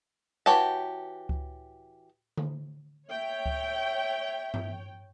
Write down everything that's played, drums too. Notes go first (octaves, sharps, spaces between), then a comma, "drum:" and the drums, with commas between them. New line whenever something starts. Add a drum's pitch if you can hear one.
E3 F#4 G4 C#5 A5
drum: kick C#2
drum: tom D3
C#5 E5 G5
drum: kick C#2
drum: tom G2